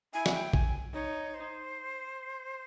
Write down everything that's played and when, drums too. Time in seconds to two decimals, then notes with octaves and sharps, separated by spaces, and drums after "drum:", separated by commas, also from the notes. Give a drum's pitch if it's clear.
0.14 E4 G#5
0.26 F#5, drum: snare
0.34 G5
0.53 G#5, drum: kick A1
0.94 D#4 C#5
1.34 C5